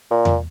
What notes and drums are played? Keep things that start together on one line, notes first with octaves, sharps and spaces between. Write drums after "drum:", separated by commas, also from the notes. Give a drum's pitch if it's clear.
A#2
drum: tom E2